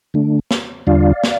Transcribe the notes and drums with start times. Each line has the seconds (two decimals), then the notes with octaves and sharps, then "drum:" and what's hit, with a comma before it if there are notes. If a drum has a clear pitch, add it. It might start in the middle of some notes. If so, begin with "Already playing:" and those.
0.14 D3 A3 D4
0.51 drum: snare
0.87 E2 D3 G3 D4 F4 D5 F5
1.24 drum: snare